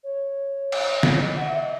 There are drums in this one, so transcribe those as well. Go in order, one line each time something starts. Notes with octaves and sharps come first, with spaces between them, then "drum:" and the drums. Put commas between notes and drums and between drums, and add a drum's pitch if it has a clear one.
C#5
drum: cymbal
C#5, drum: snare
D#5
F#5
E5
D#5